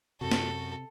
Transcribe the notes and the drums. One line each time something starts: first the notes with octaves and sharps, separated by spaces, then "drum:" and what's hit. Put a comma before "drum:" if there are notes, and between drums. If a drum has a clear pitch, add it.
F#2 C3 F#4 A4
drum: snare